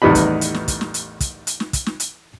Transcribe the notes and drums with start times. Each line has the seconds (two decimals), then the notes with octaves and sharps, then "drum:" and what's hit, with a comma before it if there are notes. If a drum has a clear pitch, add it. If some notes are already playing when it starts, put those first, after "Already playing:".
0.02 A1 E2 D#3 G3 D#5 B5
0.15 drum: kick, hi-hat
0.41 drum: hi-hat
0.54 drum: snare
0.68 drum: kick, hi-hat
0.81 drum: snare
0.94 drum: hi-hat
1.20 drum: kick, hi-hat
1.47 drum: hi-hat
1.60 drum: snare
1.73 drum: kick, hi-hat
1.86 drum: snare
2.00 drum: hi-hat